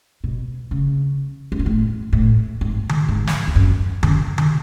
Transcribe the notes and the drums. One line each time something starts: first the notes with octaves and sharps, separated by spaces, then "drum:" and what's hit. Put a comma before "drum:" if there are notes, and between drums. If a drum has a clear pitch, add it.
B2
C#3
F#2
G#2
A2
A2
G#2
drum: tom D3
G#2
drum: snare
E2
F#2
F#2, drum: tom D3
drum: tom D3